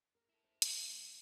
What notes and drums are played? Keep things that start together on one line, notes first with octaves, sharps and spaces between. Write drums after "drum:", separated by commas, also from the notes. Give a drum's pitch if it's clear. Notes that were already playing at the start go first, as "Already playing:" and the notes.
A#4
E4 A4
C5
E3, drum: hi-hat
E3 A#3 E5
F#3 D4